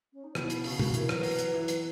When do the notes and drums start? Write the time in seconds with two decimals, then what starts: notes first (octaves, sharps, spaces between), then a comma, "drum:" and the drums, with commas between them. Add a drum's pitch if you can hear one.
0.13 C#4
0.23 D#4
0.35 B2 E4, drum: rim click
0.50 drum: hi-hat
0.64 C#3 F#4, drum: open hi-hat
0.79 drum: tom
0.94 E3 A#4, drum: hi-hat
1.09 F#3 B4, drum: rim click
1.23 F#3, drum: open hi-hat
1.39 drum: hi-hat
1.54 E3
1.68 drum: hi-hat